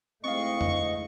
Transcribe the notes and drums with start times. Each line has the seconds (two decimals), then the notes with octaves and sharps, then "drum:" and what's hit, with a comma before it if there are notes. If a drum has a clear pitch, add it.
0.24 G#2 A3 C4 E4 D#5 F5 C#6
0.61 drum: tom F2